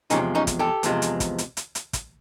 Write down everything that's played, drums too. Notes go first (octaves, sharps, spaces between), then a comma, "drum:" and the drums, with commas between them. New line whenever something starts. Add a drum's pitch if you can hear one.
E2 C3 F3 G#3 C#4 D#4, drum: hi-hat
C#4 D#4
drum: kick, hi-hat
G4 A4
E2 C3 F3 G#3, drum: hi-hat
drum: hi-hat
drum: kick, hi-hat
drum: hi-hat
drum: hi-hat
drum: hi-hat
drum: kick, hi-hat